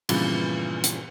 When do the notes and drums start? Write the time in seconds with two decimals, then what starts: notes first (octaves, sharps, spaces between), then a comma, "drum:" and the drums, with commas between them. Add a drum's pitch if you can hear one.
0.09 G2 A#2 C#3 E3 F3 B3, drum: cymbal
0.84 drum: hi-hat